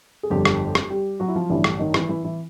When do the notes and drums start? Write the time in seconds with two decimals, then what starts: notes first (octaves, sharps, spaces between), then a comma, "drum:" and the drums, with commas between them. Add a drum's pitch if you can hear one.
0.23 G#4
0.30 G1 F2 D3 G3 G4
0.45 drum: rim click
0.75 drum: rim click
0.90 G3 G4
1.20 F#3 F#4
1.28 E4
1.34 F3 F4
1.50 A1 G2 D3 E3 E4
1.64 D4, drum: rim click
1.79 D#3 D#4
1.94 E3 E4, drum: rim click
2.09 E3 E4
2.24 E3 E4